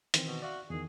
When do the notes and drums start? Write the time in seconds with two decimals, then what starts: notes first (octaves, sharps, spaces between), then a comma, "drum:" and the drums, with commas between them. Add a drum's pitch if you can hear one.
0.14 D#3 E3 C4, drum: hi-hat
0.26 B2
0.42 F#4 D5 E5 F5
0.70 E2 D#3 G#4